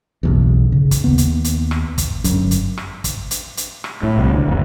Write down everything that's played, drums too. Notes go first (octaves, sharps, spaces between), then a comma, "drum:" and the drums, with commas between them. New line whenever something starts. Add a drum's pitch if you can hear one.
F#1 B1 E2
C#3
drum: kick, hi-hat
D#2 B3
drum: hi-hat
drum: hi-hat
drum: rim click
drum: kick, hi-hat
G1 F#2, drum: hi-hat
drum: hi-hat
drum: rim click
drum: kick, hi-hat
drum: hi-hat
drum: hi-hat
drum: rim click
A2
C2
D2
F#1